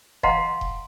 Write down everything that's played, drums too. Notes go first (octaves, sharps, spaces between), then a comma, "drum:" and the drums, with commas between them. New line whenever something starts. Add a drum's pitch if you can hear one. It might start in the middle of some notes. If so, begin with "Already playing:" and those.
D#5 F5 F#5 A#5 C6, drum: kick D#1
drum: kick D#1